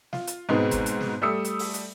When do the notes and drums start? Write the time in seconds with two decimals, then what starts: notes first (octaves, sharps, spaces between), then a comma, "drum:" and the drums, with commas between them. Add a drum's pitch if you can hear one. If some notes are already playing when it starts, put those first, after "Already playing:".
0.13 F4, drum: snare
0.27 drum: hi-hat
0.49 G#2 B2 G#3 B3 C4 D#4
0.71 drum: kick, hi-hat
0.86 drum: hi-hat
1.01 drum: snare
1.22 G3 A3 D#6 E6 C#7
1.45 drum: hi-hat
1.59 drum: open hi-hat
1.74 drum: hi-hat